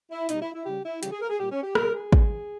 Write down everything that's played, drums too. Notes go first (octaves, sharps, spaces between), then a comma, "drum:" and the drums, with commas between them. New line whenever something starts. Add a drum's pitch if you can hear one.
E4
B2 G3 D#4, drum: hi-hat
E4
E4
C#3 G3 G4
E4
C#3 E3 G3 G4, drum: hi-hat
G#4
A#4
G#4
A#2 G3 G4
C#4
G4
B2 G3 A#4, drum: rim click
G#4
B2 G3, drum: kick